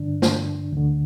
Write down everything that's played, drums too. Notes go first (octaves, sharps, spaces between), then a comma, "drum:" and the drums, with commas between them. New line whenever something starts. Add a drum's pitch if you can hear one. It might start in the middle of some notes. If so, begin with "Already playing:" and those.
Already playing: G2 D3 D4
drum: snare
D2 D3